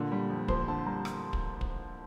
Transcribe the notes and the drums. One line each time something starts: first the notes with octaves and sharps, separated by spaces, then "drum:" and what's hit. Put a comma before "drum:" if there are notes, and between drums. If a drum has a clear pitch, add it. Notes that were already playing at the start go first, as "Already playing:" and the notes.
Already playing: A#2 D3
G3
F2
F2 C5, drum: kick
D3 A5
G3 A#5
drum: rim click
drum: kick
drum: kick